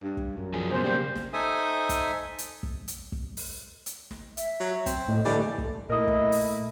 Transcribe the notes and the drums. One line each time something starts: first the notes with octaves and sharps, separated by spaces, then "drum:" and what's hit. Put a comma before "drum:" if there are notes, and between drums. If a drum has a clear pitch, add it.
G2
drum: kick
F#2
F3 G#4
C#2 B2 C5
C#3 G3 A#3
drum: snare
D#4 A4 C5 E5 G#5 D#6
drum: kick, hi-hat
drum: hi-hat
drum: kick
drum: hi-hat
drum: kick
drum: open hi-hat
drum: hi-hat
drum: snare
E5, drum: hi-hat
F#3
C4, drum: kick, hi-hat
A2 D#5
D3 E3 G3 A3 D5
drum: kick
A#2 A3 E4 A#4 D#5 D#6
drum: kick
drum: open hi-hat